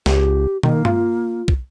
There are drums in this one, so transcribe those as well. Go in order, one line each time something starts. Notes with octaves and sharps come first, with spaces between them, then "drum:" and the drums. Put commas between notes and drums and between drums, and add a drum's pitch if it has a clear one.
C#2 G4, drum: snare
D#3 A#3, drum: tom
F4, drum: tom G2
drum: kick